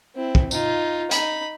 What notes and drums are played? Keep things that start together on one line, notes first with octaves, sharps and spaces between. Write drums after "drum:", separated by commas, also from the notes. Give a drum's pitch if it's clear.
C4 E4
drum: kick
D#4 F4, drum: tambourine
D#4 B5, drum: hi-hat